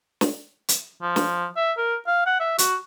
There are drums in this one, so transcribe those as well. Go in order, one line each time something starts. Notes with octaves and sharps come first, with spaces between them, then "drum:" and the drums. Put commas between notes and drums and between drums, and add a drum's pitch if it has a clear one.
drum: snare
drum: hi-hat
F3
drum: snare
E5
A#4
F5
F#5
E5
F#4, drum: hi-hat